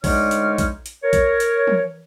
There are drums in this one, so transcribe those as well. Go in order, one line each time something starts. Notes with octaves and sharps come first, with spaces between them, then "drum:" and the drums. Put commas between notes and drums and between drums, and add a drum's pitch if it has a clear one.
D2 G#3 D#4 C#5 D5 F6, drum: kick A#1, open hi-hat
drum: hi-hat
drum: kick A#1, hi-hat
drum: hi-hat
A#4 C#5
drum: kick A#1, hi-hat
drum: hi-hat
drum: tom